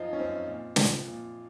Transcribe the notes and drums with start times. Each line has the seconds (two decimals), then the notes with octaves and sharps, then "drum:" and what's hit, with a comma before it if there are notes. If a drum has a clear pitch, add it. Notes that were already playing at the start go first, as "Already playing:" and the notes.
Already playing: F#2 F3 D#4 F4
0.13 C#4
0.19 F#2 C4
0.47 A#2
0.76 F3, drum: snare
1.05 A#2